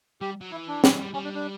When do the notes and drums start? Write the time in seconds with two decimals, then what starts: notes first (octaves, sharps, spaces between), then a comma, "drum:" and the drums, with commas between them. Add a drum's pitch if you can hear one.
0.21 G3 G4
0.41 F#3
0.51 E3 E4
0.68 D4
0.84 F#3, drum: snare
0.98 G3
1.14 G3 C#4
1.24 D4
1.35 D4